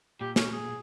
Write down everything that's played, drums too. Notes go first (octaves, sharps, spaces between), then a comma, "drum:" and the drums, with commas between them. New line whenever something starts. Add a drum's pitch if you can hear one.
A#2 G4
C#4, drum: snare
G#4